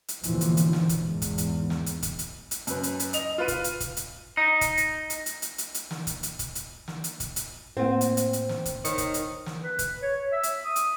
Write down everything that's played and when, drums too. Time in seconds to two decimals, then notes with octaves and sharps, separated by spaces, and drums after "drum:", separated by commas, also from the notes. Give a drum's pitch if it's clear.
0.08 drum: hi-hat
0.23 D#2 G#2 B2 D3 E3 F3, drum: hi-hat
0.41 drum: hi-hat
0.57 drum: hi-hat
0.73 drum: snare
0.89 drum: kick, hi-hat
1.00 E2 G#2
1.22 drum: kick, hi-hat
1.38 drum: hi-hat
1.70 drum: snare
1.86 drum: hi-hat
2.02 drum: kick, hi-hat
2.19 drum: hi-hat
2.51 drum: hi-hat
2.67 F#2 B4, drum: hi-hat
2.83 drum: hi-hat
3.00 drum: hi-hat
3.13 D#5 F7, drum: hi-hat
3.38 F4 B4 D#7
3.48 drum: kick, hi-hat
3.64 drum: hi-hat
3.80 drum: kick, hi-hat
3.97 drum: hi-hat
4.37 D#4
4.61 drum: kick, hi-hat
4.77 drum: hi-hat
5.10 drum: hi-hat
5.26 drum: hi-hat
5.42 drum: hi-hat
5.58 drum: hi-hat
5.74 drum: hi-hat
5.91 drum: snare
6.07 drum: kick, hi-hat
6.23 drum: hi-hat
6.39 drum: kick, hi-hat
6.55 drum: hi-hat
6.88 drum: snare
7.04 drum: hi-hat
7.20 drum: kick, hi-hat
7.36 drum: hi-hat
7.77 A2 A#3 C4 F#5
8.01 drum: hi-hat
8.17 drum: hi-hat
8.33 drum: hi-hat
8.49 drum: snare
8.65 drum: kick, hi-hat
8.85 D#3 C5 C#5 C#7, drum: hi-hat
8.98 drum: kick, hi-hat
9.14 drum: hi-hat
9.46 drum: snare
9.63 B4
9.79 drum: kick, hi-hat
10.02 C#5
10.32 E5
10.43 drum: hi-hat
10.65 D#6
10.76 drum: hi-hat